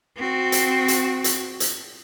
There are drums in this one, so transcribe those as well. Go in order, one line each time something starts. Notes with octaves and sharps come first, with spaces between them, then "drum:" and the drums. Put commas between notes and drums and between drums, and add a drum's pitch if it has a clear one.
C4 F#4
drum: hi-hat
drum: hi-hat
drum: hi-hat
drum: hi-hat